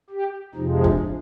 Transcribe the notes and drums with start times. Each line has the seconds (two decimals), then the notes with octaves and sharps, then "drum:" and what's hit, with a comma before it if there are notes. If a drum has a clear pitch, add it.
0.10 G4
0.55 F2 C3 F3 G#3 D#4
0.84 D4, drum: kick